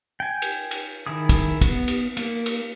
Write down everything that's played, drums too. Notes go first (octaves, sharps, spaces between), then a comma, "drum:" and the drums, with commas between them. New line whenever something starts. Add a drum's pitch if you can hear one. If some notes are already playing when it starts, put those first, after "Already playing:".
G5 G#5
drum: cymbal
drum: cymbal
D#3 E4 G#4 D#6
drum: kick, cymbal
B3, drum: kick, cymbal
drum: cymbal
A#3, drum: cymbal
drum: cymbal